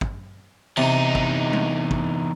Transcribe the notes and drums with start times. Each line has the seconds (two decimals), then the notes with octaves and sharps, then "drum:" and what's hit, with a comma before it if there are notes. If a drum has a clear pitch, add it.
0.01 drum: kick
0.77 E2 C3 D#4
1.15 drum: kick
1.53 drum: tom G3
1.91 drum: kick